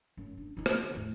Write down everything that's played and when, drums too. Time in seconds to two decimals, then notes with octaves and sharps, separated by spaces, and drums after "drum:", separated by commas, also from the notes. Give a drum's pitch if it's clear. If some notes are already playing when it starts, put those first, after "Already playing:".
0.17 F#2
0.37 D4
0.57 D#3 D#4
0.66 drum: rim click
0.94 E2 A2